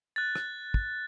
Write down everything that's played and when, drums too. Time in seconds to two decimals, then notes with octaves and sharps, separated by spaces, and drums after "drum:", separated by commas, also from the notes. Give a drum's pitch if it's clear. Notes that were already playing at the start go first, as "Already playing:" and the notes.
0.16 F#6 A6
0.36 drum: rim click
0.74 drum: kick